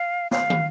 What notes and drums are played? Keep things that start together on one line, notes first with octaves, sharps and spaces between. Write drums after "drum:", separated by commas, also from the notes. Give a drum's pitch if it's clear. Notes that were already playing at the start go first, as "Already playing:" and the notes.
Already playing: F5
F5, drum: snare
drum: tom